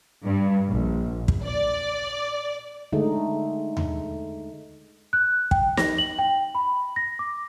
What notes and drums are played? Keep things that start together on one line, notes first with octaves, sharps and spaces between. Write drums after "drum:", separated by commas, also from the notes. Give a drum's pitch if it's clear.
G2
A#1
drum: kick
D5
D3 G#3 A3 D#4
drum: tom D#2
F#6
G5, drum: kick
A#6, drum: snare
F#7
G5
B5
A#6
D6